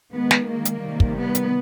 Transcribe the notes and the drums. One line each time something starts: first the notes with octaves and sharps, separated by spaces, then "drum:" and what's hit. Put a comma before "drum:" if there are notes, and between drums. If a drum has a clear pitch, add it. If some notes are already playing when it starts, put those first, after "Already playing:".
D#3 G#3 B3
drum: snare
A#3
drum: hi-hat
C3 D#3 G3
drum: kick
B3
drum: hi-hat